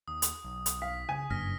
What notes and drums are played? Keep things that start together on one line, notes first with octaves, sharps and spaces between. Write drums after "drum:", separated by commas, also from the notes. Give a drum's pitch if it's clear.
D#2 D#6
drum: hi-hat
B1
drum: hi-hat
F5 B6
C#3 G#5
F#1 G2 F6 A#6 B6